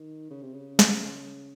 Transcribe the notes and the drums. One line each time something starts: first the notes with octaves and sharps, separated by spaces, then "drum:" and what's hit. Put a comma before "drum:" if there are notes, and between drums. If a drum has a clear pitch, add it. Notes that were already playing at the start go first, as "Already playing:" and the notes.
Already playing: D#3
C#3
C3
C#3
drum: snare